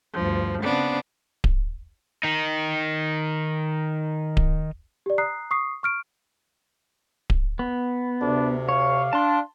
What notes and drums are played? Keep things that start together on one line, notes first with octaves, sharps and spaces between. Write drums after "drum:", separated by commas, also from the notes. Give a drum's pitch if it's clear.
D2 G2 F3
C#3 B3 C4 D4
drum: kick D1
D#3 D#4
drum: kick D1
G4 D5
A#5 D#6 F#6 C7
C#6 D#6 C7
C#6 F6 D7
drum: kick D1
B3
D2 C3 D4
C#5 F5
D4 A5 C6